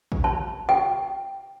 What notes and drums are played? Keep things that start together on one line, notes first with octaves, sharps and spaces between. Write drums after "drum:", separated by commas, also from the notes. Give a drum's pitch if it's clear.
drum: kick G#1
A5
G5